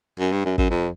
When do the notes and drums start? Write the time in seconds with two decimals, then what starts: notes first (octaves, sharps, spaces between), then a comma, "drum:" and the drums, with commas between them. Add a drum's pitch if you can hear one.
0.19 F#2
0.32 G2
0.45 F#2
0.58 F#2, drum: kick
0.71 F2